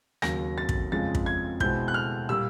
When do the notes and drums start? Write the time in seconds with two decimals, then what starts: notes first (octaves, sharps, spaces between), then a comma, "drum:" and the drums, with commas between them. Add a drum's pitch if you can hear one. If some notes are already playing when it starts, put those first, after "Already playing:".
0.22 D#2 C#3 F#3 A#6, drum: rim click
0.58 A6
0.69 drum: kick
0.92 F2 C#3 F3 G#3 A6
1.15 drum: kick
1.26 G#6
1.60 B2 G#3 C4 E4 G6, drum: kick
1.88 F#6
1.94 F6
2.29 A#2 G3 A#3 E6